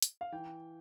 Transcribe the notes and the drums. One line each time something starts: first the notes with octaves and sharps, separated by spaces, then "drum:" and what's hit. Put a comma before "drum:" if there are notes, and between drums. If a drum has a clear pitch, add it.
drum: hi-hat
F5
E3 G5